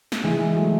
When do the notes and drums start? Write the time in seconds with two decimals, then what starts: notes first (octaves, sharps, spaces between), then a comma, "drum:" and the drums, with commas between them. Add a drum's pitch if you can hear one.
0.12 drum: snare
0.23 E3 G#3
0.56 F#3 A3